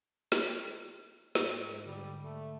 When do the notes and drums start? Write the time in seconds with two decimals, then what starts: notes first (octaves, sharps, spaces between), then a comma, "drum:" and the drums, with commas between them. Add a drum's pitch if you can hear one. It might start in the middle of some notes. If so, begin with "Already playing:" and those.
0.32 drum: snare
1.35 G#2, drum: snare
1.86 D3 G3
2.24 A3